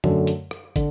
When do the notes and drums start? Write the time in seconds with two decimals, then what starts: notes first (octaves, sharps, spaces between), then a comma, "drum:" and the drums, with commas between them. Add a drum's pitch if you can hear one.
0.04 F#2 D3 A3, drum: tom
0.27 drum: hi-hat
0.51 drum: rim click
0.76 D3, drum: kick, hi-hat